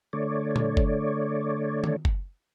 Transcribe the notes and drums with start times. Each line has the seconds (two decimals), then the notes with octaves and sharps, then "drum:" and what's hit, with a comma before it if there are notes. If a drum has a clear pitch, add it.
0.13 D3 A3 C#5 D5
0.56 drum: tom A#2
0.77 drum: kick F#1
1.84 drum: tom
2.05 drum: kick F#1